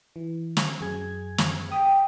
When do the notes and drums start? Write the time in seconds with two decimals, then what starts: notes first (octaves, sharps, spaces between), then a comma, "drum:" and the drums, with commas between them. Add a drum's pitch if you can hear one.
0.16 E3
0.57 drum: snare
0.81 F#2 G#4 G#6
1.38 drum: snare
1.72 G5 D#6